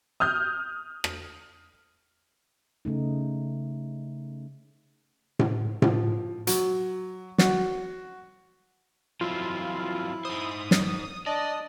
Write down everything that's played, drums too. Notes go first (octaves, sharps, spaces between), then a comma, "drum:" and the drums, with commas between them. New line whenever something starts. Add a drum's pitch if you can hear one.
D#6 F6 G6
drum: rim click
C#3 A3 D#4
drum: tom A2
F3, drum: tom A2
F#3, drum: hi-hat
F#4, drum: snare
F3 F#3 C4 E4 F4
D#4 C5 D#6
drum: snare
D4 D5 D#5 A5 D#6